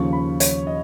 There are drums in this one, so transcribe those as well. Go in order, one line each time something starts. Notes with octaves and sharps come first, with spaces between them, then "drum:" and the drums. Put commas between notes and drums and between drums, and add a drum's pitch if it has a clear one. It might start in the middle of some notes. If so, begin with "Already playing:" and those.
Already playing: D#2 C#3 F3 C#6
B5
C#5, drum: hi-hat
D#5